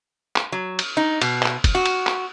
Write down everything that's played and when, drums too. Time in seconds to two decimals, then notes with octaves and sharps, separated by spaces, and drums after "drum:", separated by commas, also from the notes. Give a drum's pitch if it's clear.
0.36 drum: clap
0.52 F#3
0.79 drum: cymbal
0.97 D#4
1.22 B2, drum: cymbal
1.43 drum: clap
1.64 drum: kick, cymbal
1.75 F#4
1.86 drum: cymbal
2.07 drum: clap